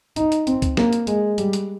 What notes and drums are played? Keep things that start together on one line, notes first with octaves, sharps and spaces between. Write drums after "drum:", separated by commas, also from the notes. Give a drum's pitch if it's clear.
D#4, drum: hi-hat
drum: hi-hat
C4, drum: hi-hat
drum: kick C#2, hi-hat
A#3, drum: snare
drum: hi-hat
G#3, drum: hi-hat
G3, drum: hi-hat
drum: hi-hat